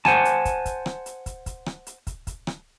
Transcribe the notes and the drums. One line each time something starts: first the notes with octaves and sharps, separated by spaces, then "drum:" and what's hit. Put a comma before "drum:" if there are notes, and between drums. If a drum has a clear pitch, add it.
C5 F#5 G#5 A5, drum: rim click
drum: hi-hat
drum: kick, hi-hat
drum: kick, hi-hat
drum: rim click
drum: hi-hat
drum: kick, hi-hat
drum: kick, hi-hat
drum: rim click
drum: hi-hat
drum: kick, hi-hat
drum: kick, hi-hat
drum: rim click